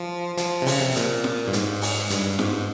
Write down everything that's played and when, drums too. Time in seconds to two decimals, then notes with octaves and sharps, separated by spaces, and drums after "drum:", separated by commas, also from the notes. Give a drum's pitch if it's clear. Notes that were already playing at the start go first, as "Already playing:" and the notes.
Already playing: F3
0.37 F3, drum: hi-hat
0.62 C3
0.66 C#3, drum: open hi-hat
0.81 C3
0.96 A#2, drum: hi-hat
1.24 drum: snare F4
1.47 G2
1.53 G#2, drum: hi-hat
1.82 drum: open hi-hat
2.10 G2, drum: hi-hat
2.39 G#2, drum: snare F4